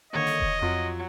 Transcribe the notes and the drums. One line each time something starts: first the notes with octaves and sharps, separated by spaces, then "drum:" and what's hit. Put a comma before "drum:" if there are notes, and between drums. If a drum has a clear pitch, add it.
D3 D#3 A#3 C#5 D#5
drum: snare
drum: kick E1
F2 F#3 F4